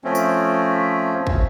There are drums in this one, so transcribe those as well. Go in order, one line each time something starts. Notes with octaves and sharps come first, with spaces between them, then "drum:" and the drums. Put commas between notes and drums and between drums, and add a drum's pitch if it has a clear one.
F3 A3 C4 C#4
drum: tambourine
drum: kick